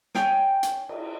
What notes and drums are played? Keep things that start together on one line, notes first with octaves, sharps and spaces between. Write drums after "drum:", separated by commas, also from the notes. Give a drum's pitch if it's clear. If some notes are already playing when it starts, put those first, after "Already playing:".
C#5 G5 G#5, drum: snare
drum: hi-hat
drum: cymbal